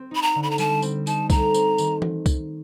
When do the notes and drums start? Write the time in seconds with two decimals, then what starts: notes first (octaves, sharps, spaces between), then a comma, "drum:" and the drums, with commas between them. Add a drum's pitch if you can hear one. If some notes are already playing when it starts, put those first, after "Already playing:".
Already playing: C4
0.11 D#4 B5
0.22 A#5
0.35 D3
0.43 B5
0.51 A#5
0.58 G3 A5, drum: tambourine
0.82 C4, drum: tambourine
1.07 D#4 A5, drum: tambourine
1.30 A3 A#5, drum: kick C2, tambourine
1.54 C4, drum: tambourine
1.78 D#3, drum: tambourine
2.02 drum: tom E3
2.26 drum: kick C2, tambourine